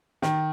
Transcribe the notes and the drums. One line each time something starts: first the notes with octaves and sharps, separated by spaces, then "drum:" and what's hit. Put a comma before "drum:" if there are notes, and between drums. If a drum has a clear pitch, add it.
D#3, drum: snare